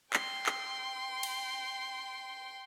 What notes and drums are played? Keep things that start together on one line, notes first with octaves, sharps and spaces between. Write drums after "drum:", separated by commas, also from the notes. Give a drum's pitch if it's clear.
G5 C6, drum: clap
drum: clap
drum: cymbal